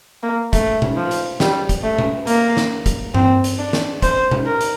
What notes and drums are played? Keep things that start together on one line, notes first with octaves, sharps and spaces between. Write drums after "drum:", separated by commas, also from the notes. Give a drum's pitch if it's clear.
A#3
A3, drum: kick, hi-hat
drum: tom B2
F3
drum: hi-hat
G3, drum: snare
drum: kick, hi-hat
A3
drum: tom B2
A#3, drum: hi-hat
drum: snare
drum: kick, hi-hat
C4, drum: tom G2
drum: hi-hat
D4
drum: snare
C5, drum: kick, hi-hat
drum: tom B2
A#4
drum: hi-hat